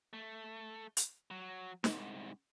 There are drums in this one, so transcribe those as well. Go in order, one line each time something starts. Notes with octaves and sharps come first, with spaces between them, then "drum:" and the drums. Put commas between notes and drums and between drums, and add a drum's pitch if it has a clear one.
A3
drum: hi-hat
F#3
C2 G#2, drum: snare